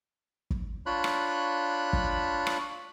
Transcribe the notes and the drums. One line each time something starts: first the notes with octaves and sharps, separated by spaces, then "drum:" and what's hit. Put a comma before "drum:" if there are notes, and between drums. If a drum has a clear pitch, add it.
drum: kick
D4 F4 C#5 B5 F#6
drum: rim click
drum: kick
drum: rim click